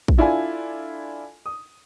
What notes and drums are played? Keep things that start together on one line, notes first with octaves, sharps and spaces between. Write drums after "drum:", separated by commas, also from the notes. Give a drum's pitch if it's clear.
drum: kick
D4 E4 F4 A4 G#5
D#6